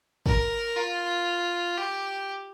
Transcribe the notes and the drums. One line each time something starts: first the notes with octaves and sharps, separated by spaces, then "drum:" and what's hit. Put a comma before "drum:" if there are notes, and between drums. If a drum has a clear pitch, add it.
A#4, drum: kick
F4
G4